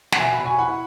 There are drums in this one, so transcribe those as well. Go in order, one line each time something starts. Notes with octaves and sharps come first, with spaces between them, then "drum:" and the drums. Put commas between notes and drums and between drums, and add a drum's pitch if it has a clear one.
F#5, drum: snare
B2 E5 G#5
F#5 B5
B2
G#5 C#6
E4 F#5 B5